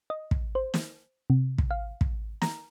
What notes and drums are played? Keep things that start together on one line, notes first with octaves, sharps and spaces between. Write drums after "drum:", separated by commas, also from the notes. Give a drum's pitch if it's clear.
D#5
drum: kick
C5
drum: snare
C3
drum: kick
F5
drum: kick
A#5, drum: snare